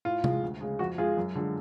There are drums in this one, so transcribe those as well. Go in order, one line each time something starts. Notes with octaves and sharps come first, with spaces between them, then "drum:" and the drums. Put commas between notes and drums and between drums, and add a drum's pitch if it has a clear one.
A2 F4
F3 G#3, drum: tom
D2
C#3 G#3
F2 F#4
F3 G#3 F4 G#4
F#2
D3 F3 G#3